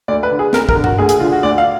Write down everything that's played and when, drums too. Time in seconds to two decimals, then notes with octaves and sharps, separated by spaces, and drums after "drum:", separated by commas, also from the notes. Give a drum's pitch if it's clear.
0.08 D2 D5
0.23 B4
0.31 D3
0.39 G#4
0.53 D2 A#4, drum: snare
0.69 A#4, drum: kick
0.75 D3
0.84 F#4, drum: tom G2
0.98 D2 G#4
1.09 G#4, drum: hi-hat
1.20 D3 F4
1.32 F#4
1.43 D2 D5
1.58 F5